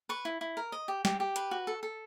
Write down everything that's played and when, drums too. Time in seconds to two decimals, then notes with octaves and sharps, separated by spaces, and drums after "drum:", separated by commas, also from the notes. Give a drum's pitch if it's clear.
0.09 B4 C#6
0.25 E4
0.41 E4
0.57 A#4
0.72 D#5
0.88 G4
1.05 G4, drum: snare
1.20 G4
1.36 B4, drum: hi-hat
1.51 F#4
1.67 A4
1.83 A4